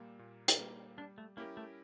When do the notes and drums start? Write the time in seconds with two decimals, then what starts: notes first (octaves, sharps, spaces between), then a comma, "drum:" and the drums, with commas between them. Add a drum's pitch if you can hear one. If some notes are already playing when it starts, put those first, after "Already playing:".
Already playing: A#2 G3 A#3
0.19 A#2
0.48 drum: hi-hat
0.58 G3 A#3
0.97 G3 D4
1.18 A3
1.37 A#3 C#4 E4 G4 A#4
1.57 A3